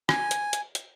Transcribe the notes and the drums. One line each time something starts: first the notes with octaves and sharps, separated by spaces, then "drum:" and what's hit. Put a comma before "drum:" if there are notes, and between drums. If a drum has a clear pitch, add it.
G#5, drum: rim click
drum: hi-hat
drum: hi-hat
drum: hi-hat